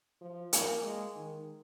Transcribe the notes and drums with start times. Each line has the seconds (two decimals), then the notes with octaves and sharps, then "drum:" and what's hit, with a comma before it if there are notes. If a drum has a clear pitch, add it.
0.21 F3
0.53 A#3, drum: hi-hat
0.83 G#3
1.16 D#3